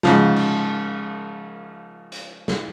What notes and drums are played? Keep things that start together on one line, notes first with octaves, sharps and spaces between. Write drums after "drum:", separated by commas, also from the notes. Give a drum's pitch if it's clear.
G#2 C#3 F3, drum: snare
drum: cymbal
drum: hi-hat
drum: snare